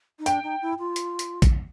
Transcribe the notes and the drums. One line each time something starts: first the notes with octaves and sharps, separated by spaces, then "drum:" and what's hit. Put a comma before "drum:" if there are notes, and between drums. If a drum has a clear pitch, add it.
D#4
D4 G5, drum: hi-hat
D#4
E4
F4
drum: hi-hat
drum: hi-hat
drum: kick A#1, hi-hat